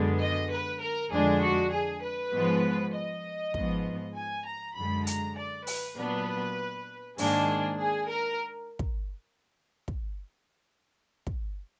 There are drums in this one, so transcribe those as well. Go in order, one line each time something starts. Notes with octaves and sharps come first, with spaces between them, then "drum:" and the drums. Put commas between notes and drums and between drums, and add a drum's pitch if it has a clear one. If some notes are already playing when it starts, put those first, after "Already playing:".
Already playing: F#2 D3 G#3 B3
D#5
B4
A#4
F2 D3 G#3 D4 G#4
F#4
G#4
B4
G#2 F3 G#3 B3
D#5
G#2 F3 B3, drum: kick
G#5
A#5
F#2 D3 G#3 B5
A#5, drum: hi-hat
D5
B4, drum: open hi-hat
A#2 F#3 B3 D4 B4
G#2 D#3 A#3 D4 G#4, drum: open hi-hat
G#4
A#4
drum: kick
drum: kick
drum: kick